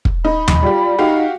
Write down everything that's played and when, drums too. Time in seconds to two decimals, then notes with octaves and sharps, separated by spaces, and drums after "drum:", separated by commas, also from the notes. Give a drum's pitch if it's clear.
0.05 drum: kick
0.25 D#4 B5
0.48 drum: tom D#2
0.63 G3 F4 G4
0.98 D#4 F#4 G4 F5